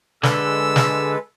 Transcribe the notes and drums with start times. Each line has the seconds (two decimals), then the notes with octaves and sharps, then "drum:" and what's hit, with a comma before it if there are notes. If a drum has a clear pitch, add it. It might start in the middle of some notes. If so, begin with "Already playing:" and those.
0.23 D3 G#3 A4 B4 E6, drum: snare
0.76 drum: snare